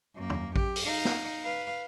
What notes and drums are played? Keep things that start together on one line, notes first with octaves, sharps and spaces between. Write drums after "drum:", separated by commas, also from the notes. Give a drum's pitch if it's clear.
F#2 A#3
drum: tom
G4, drum: kick A1
drum: open hi-hat
D#4 F5
drum: snare
B4 F5